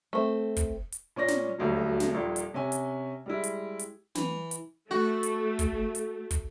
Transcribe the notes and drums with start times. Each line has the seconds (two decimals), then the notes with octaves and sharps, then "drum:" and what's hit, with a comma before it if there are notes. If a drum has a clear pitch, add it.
0.13 A3 C4
0.57 drum: kick, hi-hat
0.92 drum: hi-hat
1.16 A#2 C#4 D5 A#6
1.28 drum: snare
1.58 D#1 D2 F#3
2.00 drum: snare
2.13 D#1 A#1 A#2
2.36 drum: hi-hat
2.54 C3 C#4 G#5
2.72 drum: hi-hat
3.26 G3 G#3 E4
3.44 drum: hi-hat
3.79 drum: hi-hat
4.15 E3, drum: snare
4.51 drum: hi-hat
4.91 A3 F#4
5.23 drum: hi-hat
5.59 drum: kick, hi-hat
5.95 drum: hi-hat
6.31 drum: kick, hi-hat